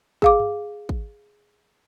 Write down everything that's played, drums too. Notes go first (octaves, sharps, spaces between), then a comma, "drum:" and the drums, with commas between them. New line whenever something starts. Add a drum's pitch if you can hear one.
G#4 F5 D6, drum: kick
drum: tom G2
drum: kick